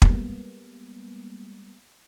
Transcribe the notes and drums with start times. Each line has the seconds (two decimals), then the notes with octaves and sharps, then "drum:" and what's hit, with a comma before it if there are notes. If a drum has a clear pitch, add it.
0.02 G3 G#3 A#3 B3, drum: kick